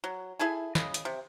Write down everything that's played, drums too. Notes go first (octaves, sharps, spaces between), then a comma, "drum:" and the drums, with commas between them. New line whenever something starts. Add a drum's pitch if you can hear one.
F#3
E4 G#4 A4 G#5
C#3 D#5 B5, drum: snare
drum: hi-hat
C3